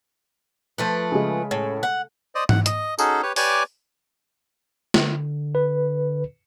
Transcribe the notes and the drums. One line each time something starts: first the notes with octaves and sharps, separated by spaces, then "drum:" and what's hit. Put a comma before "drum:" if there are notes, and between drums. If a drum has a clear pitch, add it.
F3 A3 B4
C#3 G#3
A2
F#5
C5 D5 D#5 D#6
F#5, drum: tom G#2
D#5, drum: hi-hat
C#4 D#4 F#4 G#4 A4, drum: tambourine
G4 B4 C#5
G4 B4 C#5 D5 G#5 D6, drum: open hi-hat
D3, drum: snare
B4